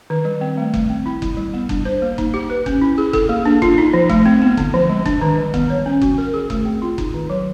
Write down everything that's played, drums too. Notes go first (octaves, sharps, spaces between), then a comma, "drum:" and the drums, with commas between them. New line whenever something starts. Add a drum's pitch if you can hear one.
D#3
G3
C4
A3
A3, drum: kick F#1
C4
E4
G3, drum: kick F#1
G3
B3
D4, drum: kick F#1
C5
A#3
D#4, drum: kick F#1
G4
B4
C#4, drum: kick F#1
E4
G#4
A4, drum: kick F#1
A#3
D4
F4, drum: kick F#1
D#4
F3
A3, drum: kick F#1
C4
B3
D3, drum: kick F#1
F3
G#3
D4, drum: kick F#1
D#3
G3
B3, drum: kick F#1
C#5
C#4
F#4, drum: kick F#1
A#4
G#4
A3, drum: kick F#1
C4
F4
D#4, drum: kick F#1
D#3
F#3